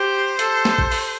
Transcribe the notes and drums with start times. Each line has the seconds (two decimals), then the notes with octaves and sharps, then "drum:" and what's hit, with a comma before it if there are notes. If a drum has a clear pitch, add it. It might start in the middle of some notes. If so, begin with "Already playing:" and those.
Already playing: G4 C5
0.39 A4, drum: hi-hat
0.65 drum: snare
0.78 drum: kick A#1
0.92 drum: open hi-hat